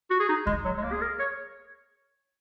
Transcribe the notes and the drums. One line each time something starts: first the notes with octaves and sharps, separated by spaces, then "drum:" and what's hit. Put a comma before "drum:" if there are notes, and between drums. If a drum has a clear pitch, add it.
F#4
G#4
D#4
G#3, drum: kick C#2
F#3
G#3
A#3
G#4
A#4
C#5